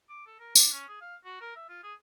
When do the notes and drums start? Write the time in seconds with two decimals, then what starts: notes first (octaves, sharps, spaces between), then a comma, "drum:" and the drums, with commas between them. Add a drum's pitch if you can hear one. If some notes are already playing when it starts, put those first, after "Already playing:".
0.09 D6
0.26 A4
0.40 A#4
0.55 D4, drum: tambourine
0.72 C#4
0.88 G#4
1.01 F5
1.25 F#4
1.41 A#4
1.56 E5
1.69 F4
1.83 G#4